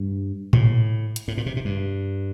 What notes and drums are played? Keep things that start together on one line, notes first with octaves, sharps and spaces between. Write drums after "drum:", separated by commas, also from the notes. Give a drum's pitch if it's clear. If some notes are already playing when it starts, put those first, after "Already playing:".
Already playing: G2
A2, drum: tom A2
drum: hi-hat
A2
A#2
C3
C3
G2